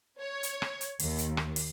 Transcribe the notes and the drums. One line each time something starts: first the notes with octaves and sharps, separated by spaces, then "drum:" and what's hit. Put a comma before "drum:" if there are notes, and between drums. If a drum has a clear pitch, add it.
C#5
drum: hi-hat
drum: rim click
drum: hi-hat
D#2, drum: open hi-hat
drum: hi-hat
drum: rim click
drum: open hi-hat